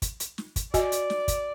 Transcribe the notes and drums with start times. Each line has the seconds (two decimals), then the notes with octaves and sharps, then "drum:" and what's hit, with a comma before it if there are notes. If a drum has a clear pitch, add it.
0.02 drum: kick, hi-hat
0.20 drum: hi-hat
0.38 drum: snare
0.56 drum: kick, hi-hat
0.74 F#4 D5 D#5 G#5, drum: kick, hi-hat
0.92 drum: hi-hat
1.10 drum: snare
1.28 drum: kick, hi-hat